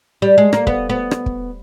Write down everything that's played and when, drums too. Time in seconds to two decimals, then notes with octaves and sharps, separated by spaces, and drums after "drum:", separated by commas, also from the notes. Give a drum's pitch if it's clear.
0.22 G3
0.38 G#3
0.53 A#3, drum: rim click
0.67 B3, drum: kick
0.89 B3
1.11 drum: rim click
1.26 drum: kick